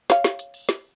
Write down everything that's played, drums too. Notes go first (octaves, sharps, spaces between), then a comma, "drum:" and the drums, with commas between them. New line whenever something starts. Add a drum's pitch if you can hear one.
C#5 F5, drum: snare
drum: snare
drum: hi-hat
drum: open hi-hat
drum: snare